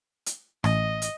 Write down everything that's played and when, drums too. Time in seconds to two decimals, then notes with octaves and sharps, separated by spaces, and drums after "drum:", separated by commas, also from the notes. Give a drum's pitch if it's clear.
0.26 drum: hi-hat
0.64 A1 D#5, drum: rim click
1.02 drum: hi-hat